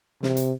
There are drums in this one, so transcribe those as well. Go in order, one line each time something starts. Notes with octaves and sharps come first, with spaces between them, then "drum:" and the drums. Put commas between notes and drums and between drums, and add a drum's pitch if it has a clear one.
C3, drum: snare
drum: hi-hat